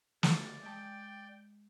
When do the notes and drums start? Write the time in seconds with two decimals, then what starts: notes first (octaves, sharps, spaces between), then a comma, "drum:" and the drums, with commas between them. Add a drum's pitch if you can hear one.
0.23 B2 G3 A3 D5, drum: snare
0.63 G#3 G5 A5